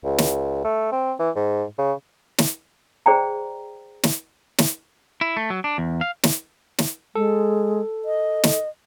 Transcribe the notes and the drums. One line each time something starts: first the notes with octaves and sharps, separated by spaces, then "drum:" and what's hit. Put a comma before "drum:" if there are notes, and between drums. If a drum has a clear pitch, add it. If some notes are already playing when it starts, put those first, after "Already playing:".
C#2
drum: snare
A3
C4
E3
G#2
C#3
drum: snare
G#4 C5 D5 D#5 G5 A#5
drum: snare
drum: snare
E4
A3
F#3
D4
E2
F5
drum: snare
drum: snare
G#3 A4
D#5
drum: snare